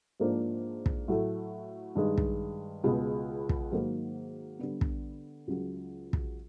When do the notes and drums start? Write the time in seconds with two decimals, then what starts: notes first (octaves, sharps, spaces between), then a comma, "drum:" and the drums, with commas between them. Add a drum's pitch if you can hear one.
0.20 G#2 F3 A#3 D4
0.86 drum: kick
1.08 A2 F#3 A3
1.95 G2 D#3 G#3
2.18 drum: kick
2.84 C#2 B2 G#3 B3
3.49 drum: kick
3.71 G#2 D#3 F#3 A#3
4.59 D3 G3 B3
4.81 drum: kick
5.47 C#2 C#3 F#3
6.13 drum: kick